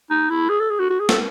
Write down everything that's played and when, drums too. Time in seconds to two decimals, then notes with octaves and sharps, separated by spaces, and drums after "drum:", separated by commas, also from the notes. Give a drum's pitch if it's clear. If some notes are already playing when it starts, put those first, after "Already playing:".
0.10 D#4
0.30 E4
0.50 G#4
0.60 A4
0.70 G#4
0.80 F#4
0.90 F#4
1.00 G#4
1.09 A4, drum: snare